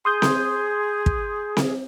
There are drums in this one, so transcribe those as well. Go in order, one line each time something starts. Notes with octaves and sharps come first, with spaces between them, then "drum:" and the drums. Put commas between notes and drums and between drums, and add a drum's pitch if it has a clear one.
G#4 C6 D#6 G6
drum: snare C4
drum: kick
drum: snare C4